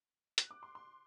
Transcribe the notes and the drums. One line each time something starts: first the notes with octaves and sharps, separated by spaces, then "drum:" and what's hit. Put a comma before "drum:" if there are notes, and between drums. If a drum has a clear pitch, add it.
F#6, drum: hi-hat
D6
C6
C6